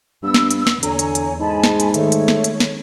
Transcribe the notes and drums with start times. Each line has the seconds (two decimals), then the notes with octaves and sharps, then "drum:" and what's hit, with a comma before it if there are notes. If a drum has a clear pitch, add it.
0.23 G2 B3 E6
0.34 drum: snare
0.51 drum: hi-hat
0.67 drum: snare
0.83 E2 D3 C#5 G#5 A#5, drum: hi-hat
0.99 drum: hi-hat
1.15 drum: hi-hat
1.40 G#2 G#3 G#5 A5 B5
1.64 drum: snare
1.80 drum: hi-hat
1.94 D#3 G#3 A3 C#5, drum: hi-hat
2.12 drum: hi-hat
2.28 drum: snare
2.44 drum: hi-hat
2.60 drum: snare